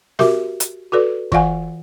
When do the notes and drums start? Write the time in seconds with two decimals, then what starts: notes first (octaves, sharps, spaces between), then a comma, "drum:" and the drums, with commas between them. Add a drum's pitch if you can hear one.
0.19 F#4 G4 A#4 E5, drum: snare
0.60 drum: hi-hat
0.92 F#4 A4 B4 D5
1.32 E3 F4 D5 F5 F#5 G#5, drum: kick